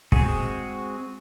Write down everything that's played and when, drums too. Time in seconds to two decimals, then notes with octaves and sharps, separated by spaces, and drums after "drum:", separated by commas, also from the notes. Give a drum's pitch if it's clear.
0.12 G#3 C4 F#4 G#4, drum: kick